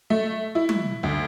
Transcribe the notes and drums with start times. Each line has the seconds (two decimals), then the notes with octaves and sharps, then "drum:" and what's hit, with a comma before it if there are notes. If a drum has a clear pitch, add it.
0.10 A3
0.55 E4
0.69 drum: tom
1.03 D2